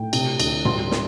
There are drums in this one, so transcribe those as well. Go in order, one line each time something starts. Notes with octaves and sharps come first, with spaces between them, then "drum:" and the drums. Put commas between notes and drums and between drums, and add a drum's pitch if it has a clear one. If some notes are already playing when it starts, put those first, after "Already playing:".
Already playing: A2 G5
C3, drum: cymbal
D2, drum: cymbal
G3 C6, drum: tom
drum: snare